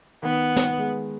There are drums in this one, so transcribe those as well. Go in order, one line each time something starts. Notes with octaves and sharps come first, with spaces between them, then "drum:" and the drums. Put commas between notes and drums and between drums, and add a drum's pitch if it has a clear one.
D#3 B3
drum: snare
G#3